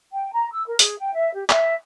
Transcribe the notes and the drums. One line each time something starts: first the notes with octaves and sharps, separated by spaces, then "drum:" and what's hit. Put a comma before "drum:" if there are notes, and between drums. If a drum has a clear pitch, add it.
G5
A#5
E6
A#4
G#4, drum: hi-hat
G5
E5
G4
E5, drum: clap